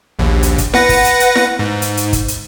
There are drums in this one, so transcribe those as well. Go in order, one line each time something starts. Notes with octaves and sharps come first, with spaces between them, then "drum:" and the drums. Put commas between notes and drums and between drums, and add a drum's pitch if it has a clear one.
A#1 D#2
drum: hi-hat
drum: kick, hi-hat
B4 F#5 A#6, drum: snare E4
drum: kick, open hi-hat
drum: hi-hat
drum: hi-hat
drum: snare E4
G#2
drum: hi-hat
drum: hi-hat
drum: kick, hi-hat
drum: hi-hat